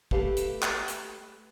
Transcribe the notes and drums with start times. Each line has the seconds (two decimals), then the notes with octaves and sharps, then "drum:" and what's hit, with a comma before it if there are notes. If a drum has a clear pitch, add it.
0.11 A3 G4 A4 B4 F5, drum: kick
0.37 drum: hi-hat
0.62 drum: clap
0.88 drum: hi-hat